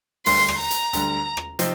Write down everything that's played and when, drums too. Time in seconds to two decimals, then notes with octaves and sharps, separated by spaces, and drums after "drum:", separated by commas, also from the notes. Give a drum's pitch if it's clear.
0.26 D2 D3 G3 C6, drum: open hi-hat
0.48 drum: rim click
0.60 A#5
0.71 drum: hi-hat
0.93 D2 D3 G3, drum: hi-hat
1.37 drum: rim click
1.59 C3 F3 C4 D#4, drum: hi-hat